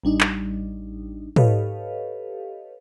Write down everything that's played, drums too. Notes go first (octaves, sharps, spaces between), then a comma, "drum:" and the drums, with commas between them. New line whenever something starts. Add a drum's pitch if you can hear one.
A1 G3 D4 D#4
drum: clap
G4 A4 B4 C#5 D#5 F5, drum: tom